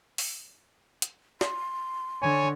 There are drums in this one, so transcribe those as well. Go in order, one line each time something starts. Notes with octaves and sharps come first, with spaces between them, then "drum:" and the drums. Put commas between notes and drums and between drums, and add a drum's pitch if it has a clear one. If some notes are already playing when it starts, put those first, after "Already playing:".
drum: open hi-hat
drum: hi-hat
C6, drum: snare
D3 C#5 G#5